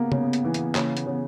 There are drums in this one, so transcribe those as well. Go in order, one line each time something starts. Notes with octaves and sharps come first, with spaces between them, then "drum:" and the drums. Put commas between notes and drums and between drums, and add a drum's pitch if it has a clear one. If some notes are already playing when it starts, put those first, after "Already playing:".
Already playing: C#3 A#3 B3
C#3, drum: tom
drum: hi-hat
E3
drum: hi-hat
C#3 A#3, drum: clap
B3, drum: hi-hat
C#3